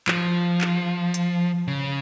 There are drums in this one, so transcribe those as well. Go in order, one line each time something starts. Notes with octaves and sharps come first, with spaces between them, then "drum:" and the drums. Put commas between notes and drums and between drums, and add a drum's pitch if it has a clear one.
F3, drum: clap
drum: clap
drum: hi-hat
C#3